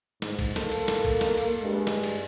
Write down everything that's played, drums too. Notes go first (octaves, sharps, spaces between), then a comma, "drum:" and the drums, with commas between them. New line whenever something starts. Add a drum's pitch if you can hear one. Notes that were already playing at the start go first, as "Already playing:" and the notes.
G#2, drum: snare
drum: kick, cymbal
A#3 A4, drum: snare
drum: cymbal
drum: snare
drum: kick, cymbal
drum: snare
drum: cymbal
G2 G#3
drum: snare
drum: cymbal